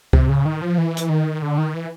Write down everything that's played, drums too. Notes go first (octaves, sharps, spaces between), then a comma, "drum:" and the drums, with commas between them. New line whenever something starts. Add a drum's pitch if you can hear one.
C3, drum: kick C#2
C#3
D#3
F3
E3
drum: hi-hat
D#3
D3
D#3
E3